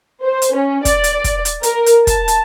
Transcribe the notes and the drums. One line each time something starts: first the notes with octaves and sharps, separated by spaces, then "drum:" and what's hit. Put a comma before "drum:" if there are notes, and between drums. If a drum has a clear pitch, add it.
C5
drum: hi-hat
C#4
D5, drum: kick, hi-hat
drum: hi-hat
drum: kick, hi-hat
drum: hi-hat
A#4, drum: hi-hat
drum: hi-hat
A5, drum: kick, hi-hat
drum: hi-hat